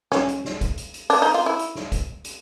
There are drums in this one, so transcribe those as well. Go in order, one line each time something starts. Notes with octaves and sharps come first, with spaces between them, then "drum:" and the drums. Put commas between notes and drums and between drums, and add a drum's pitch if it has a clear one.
C#4, drum: snare
drum: hi-hat
drum: snare
drum: kick, hi-hat
drum: hi-hat
drum: hi-hat
D4, drum: open hi-hat
D#4
F4
E4
drum: hi-hat
drum: snare
drum: kick, hi-hat
drum: hi-hat